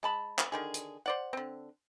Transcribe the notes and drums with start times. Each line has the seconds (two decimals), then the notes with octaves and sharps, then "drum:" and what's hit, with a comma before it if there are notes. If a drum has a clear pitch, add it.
0.03 G#3 A5 B5
0.39 drum: clap
0.52 D3 D#3 G#4
0.74 drum: hi-hat
1.06 C5 D5 F#5
1.33 D3 C4